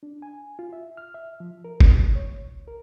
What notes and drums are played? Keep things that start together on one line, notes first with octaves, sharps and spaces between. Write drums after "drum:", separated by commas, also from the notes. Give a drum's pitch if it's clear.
D4
G#5
F4
E5
F6
E5
F3
A#4
B2, drum: kick
C#5
C#2
A#4